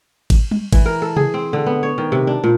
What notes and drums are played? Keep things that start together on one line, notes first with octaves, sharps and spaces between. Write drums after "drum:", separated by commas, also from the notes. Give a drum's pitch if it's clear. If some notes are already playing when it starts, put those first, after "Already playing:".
drum: kick G#1, cymbal
drum: tom G3
E3, drum: kick G#1, cymbal
A#4
A4
G#4, drum: tom C3
C4
D3
B3
C#5
D#3
C3
D4
A#2